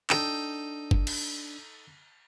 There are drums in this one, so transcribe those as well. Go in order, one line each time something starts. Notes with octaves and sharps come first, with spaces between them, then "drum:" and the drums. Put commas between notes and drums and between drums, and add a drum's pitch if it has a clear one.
D4 D#4 A4 G5, drum: clap
drum: kick
drum: cymbal